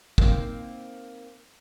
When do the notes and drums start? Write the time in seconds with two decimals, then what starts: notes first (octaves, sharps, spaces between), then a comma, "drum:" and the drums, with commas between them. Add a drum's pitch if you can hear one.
0.18 A#3 C4 D#4, drum: kick